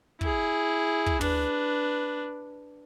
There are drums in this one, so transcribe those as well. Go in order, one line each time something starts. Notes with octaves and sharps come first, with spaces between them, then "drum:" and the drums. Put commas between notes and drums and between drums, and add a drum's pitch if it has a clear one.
E4 G#4, drum: kick
drum: kick
D4 B4, drum: tom